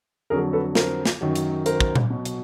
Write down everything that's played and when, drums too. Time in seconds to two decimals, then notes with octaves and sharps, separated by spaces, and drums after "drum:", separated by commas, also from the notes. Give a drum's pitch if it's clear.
0.30 F2 D3 F#3 G#4 A#4
0.53 A4 B4
0.75 A#4 C5, drum: snare
1.05 drum: snare
1.21 F#2 D#3 F#3
1.35 drum: hi-hat
1.66 A#4 C5, drum: hi-hat
1.80 drum: kick
1.95 drum: tom A#2
2.10 B2 F#3
2.25 drum: hi-hat